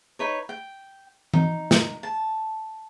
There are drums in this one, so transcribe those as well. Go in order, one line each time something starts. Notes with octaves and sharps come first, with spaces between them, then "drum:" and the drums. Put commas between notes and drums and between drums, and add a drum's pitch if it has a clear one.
D#4 B4 C#5
G5
D#4, drum: tom E3
drum: snare
A5